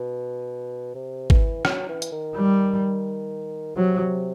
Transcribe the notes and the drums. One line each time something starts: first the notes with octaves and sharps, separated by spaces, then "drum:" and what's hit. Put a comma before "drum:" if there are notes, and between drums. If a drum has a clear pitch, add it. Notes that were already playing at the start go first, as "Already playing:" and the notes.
Already playing: B2
C3
E3, drum: kick G#1
F#3, drum: rim click
E3
drum: hi-hat
D#3
G3
C3 F#3